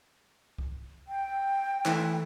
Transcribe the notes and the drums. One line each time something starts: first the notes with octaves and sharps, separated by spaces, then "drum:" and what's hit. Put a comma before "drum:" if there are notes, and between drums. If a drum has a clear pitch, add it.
drum: kick C2
G5
E3 A3 E4, drum: clap